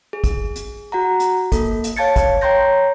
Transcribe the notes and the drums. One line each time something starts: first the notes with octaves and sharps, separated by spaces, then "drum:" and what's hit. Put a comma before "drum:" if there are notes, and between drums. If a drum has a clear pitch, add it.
G#4
drum: kick, hi-hat
drum: hi-hat
F#4 F#5 A#5
drum: hi-hat
A#3 A4, drum: kick, hi-hat
drum: hi-hat
C#5 F5 A5 G#6 A6 C#7
drum: kick, hi-hat
C#5 G5 A#5 C6 G6 A#6